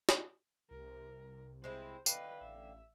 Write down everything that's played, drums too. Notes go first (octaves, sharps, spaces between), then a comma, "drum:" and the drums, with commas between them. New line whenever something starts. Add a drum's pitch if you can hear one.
drum: snare
C2 C3 A#4
G#3 C4 E4 C5
D3 B4 D#5 F5 G5, drum: tambourine
A1 E5